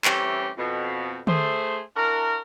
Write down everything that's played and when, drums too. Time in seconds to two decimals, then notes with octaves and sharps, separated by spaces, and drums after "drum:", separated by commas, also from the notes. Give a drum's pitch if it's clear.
0.05 E3 G3 A3 C4 C#4 G4, drum: clap
0.58 F2 B2
1.27 A3 G#4 C5, drum: tom D3
1.96 D4 E4 F#4 A#4